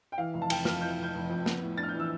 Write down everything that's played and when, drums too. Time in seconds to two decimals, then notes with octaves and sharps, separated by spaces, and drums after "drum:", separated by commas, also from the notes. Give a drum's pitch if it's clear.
0.12 G5
0.18 E3 F5
0.34 F1
0.42 A5
0.50 F1 G5, drum: cymbal
0.65 F2 F6, drum: snare
0.81 E3 G6
0.98 F1
1.03 G6
1.15 F1
1.30 F2
1.46 B3, drum: snare
1.62 A2
1.78 D4 A6
1.83 F6
1.89 G6
1.95 E3 E6